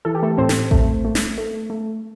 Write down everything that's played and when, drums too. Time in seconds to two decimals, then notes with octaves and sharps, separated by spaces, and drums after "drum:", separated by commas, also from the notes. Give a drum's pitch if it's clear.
0.05 E3 A4
0.15 G4
0.23 A3 A4
0.38 A2 C4 C5
0.49 drum: snare
0.71 A3, drum: kick A1
1.05 A3
1.15 drum: snare
1.38 A3
1.70 A3